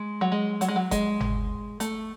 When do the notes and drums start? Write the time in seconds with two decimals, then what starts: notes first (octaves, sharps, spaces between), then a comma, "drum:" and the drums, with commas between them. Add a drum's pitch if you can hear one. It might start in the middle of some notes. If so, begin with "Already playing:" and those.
Already playing: G#3
0.21 F#3
0.32 G#3
0.61 F#3, drum: hi-hat
0.68 G#3
0.76 F#3
0.91 G#3, drum: kick F#1, hi-hat
1.20 drum: tom G1
1.80 A3, drum: hi-hat